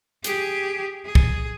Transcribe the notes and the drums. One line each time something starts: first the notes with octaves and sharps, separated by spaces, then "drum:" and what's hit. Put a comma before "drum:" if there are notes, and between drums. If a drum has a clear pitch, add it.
G4 G#4, drum: hi-hat
G#4
drum: kick